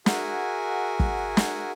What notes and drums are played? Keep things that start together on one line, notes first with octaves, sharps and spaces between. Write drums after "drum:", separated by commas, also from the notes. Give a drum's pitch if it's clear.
F#4 G#4 A#4 E5 F#5 G#5, drum: snare
drum: kick
drum: snare